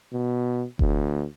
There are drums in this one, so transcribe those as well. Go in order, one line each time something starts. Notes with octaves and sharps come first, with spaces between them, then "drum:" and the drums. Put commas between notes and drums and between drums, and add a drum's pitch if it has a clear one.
B2
D2, drum: kick F1